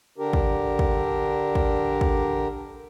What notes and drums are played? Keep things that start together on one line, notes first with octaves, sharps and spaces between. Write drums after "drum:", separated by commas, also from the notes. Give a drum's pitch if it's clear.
D3 D4 G4 A#4
drum: kick
drum: kick
drum: kick
drum: kick